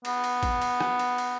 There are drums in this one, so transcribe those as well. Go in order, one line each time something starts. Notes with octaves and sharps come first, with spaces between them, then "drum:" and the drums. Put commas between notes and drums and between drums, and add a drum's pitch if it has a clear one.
B3, drum: cymbal
drum: cymbal
drum: kick, cymbal
drum: cymbal
drum: rim click
drum: cymbal
drum: cymbal